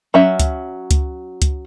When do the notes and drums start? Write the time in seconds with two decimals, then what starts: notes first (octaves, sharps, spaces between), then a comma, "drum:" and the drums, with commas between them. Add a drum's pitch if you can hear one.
0.14 F#3 C#4 E5
0.40 drum: kick C#2, hi-hat
0.91 drum: kick C#2, hi-hat
1.42 drum: kick C#2, hi-hat